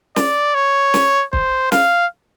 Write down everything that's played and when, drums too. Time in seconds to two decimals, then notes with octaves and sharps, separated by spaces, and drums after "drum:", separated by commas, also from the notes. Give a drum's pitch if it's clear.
0.16 D5, drum: snare
0.55 C#5
0.94 drum: snare
1.33 C5, drum: kick
1.72 F5, drum: snare